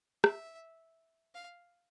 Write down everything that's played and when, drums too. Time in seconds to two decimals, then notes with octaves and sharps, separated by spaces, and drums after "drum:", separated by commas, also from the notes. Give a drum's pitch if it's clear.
0.24 E5, drum: rim click
1.35 F5